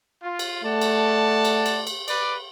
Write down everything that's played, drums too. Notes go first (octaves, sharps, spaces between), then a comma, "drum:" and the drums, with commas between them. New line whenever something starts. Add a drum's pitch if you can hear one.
F4
drum: cymbal
A3 D5 F#5 A5
drum: cymbal
drum: cymbal
drum: cymbal
drum: cymbal
B4 D5, drum: cymbal